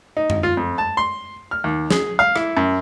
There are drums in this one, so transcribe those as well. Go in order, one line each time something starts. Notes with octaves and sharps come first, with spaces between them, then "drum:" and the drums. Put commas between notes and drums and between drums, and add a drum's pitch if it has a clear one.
D#4
drum: tom F#2
F4
F2
A5
C6
F6
D#2
G#4, drum: snare
F5
E4, drum: rim click
F#2